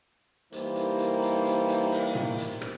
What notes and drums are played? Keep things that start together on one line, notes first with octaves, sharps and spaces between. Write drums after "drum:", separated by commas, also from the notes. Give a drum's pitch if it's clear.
E3 G3 A#3 D#4 C5, drum: hi-hat
drum: hi-hat
drum: hi-hat
drum: hi-hat
drum: hi-hat
drum: hi-hat
drum: open hi-hat
drum: tom
drum: hi-hat
drum: rim click